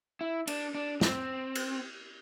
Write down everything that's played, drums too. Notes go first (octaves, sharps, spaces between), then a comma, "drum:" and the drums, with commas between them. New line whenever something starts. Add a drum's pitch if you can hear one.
E4
D4, drum: cymbal
D4
C4, drum: snare
drum: cymbal